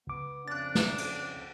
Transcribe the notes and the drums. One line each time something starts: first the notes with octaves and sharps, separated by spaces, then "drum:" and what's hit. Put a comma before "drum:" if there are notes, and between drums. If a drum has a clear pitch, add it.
C#2 B3 D6
F2 C#3 D4 F#6 A6
drum: snare
drum: cymbal